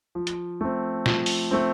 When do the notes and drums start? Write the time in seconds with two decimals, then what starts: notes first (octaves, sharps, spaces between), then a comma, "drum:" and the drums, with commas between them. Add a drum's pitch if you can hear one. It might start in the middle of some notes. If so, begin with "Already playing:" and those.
0.15 F3
0.27 drum: hi-hat
0.61 A3 C4
1.06 F3, drum: snare
1.26 drum: open hi-hat
1.51 A3 C4